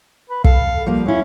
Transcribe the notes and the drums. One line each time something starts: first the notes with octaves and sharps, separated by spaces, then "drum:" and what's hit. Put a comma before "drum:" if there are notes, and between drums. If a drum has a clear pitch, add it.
B4
A4 F5, drum: kick
F3 G3 A#3
F#3 C#4 E4